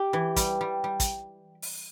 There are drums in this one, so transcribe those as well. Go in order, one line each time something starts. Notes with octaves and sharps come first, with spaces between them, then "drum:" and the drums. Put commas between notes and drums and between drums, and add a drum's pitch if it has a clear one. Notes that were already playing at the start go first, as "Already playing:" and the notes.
Already playing: G4
E3
G3, drum: kick, hi-hat
G3
G3
drum: kick, hi-hat
drum: open hi-hat